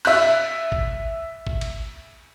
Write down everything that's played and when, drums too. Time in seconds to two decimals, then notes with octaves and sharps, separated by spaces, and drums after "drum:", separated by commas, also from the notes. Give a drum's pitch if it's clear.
0.05 E5 F#6, drum: cymbal
0.72 drum: kick
1.47 drum: kick
1.61 drum: cymbal